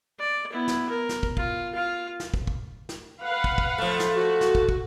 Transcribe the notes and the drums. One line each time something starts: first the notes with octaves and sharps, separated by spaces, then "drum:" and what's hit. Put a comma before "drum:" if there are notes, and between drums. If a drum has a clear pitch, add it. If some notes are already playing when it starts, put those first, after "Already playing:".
D5
B3 E4
drum: snare
A#4
drum: snare
drum: kick
F4, drum: kick
F4 F5
drum: snare
drum: kick
drum: kick
drum: snare
B4 F5 F#5
drum: kick
drum: kick
F3 A3
drum: snare
F#4
drum: snare
drum: kick
drum: kick